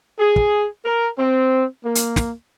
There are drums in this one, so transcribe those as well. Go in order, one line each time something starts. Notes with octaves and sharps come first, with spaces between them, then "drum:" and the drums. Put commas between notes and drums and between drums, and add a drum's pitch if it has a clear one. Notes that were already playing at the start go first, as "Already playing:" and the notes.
G#4
drum: kick
A#4
C4
A#3
drum: hi-hat
drum: snare